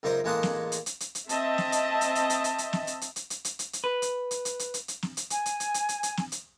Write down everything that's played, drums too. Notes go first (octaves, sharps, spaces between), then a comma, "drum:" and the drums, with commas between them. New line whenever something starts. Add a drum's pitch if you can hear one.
C#2 F#2 D#4 A#4 C5
A1 G#3 A#3 F#5 A5 D#6
drum: snare
drum: hi-hat
drum: hi-hat
drum: hi-hat
drum: hi-hat
C4 D#5 E5 A5, drum: hi-hat
drum: snare
drum: hi-hat
drum: hi-hat
drum: hi-hat
drum: hi-hat
drum: hi-hat
drum: hi-hat
drum: snare
drum: hi-hat
drum: hi-hat
drum: hi-hat
drum: hi-hat
drum: hi-hat
drum: hi-hat
drum: hi-hat
B4
drum: hi-hat
drum: hi-hat
drum: hi-hat
drum: hi-hat
drum: hi-hat
drum: hi-hat
drum: snare
drum: hi-hat
G#5, drum: hi-hat
drum: hi-hat
drum: hi-hat
drum: hi-hat
drum: hi-hat
drum: hi-hat
drum: snare
drum: hi-hat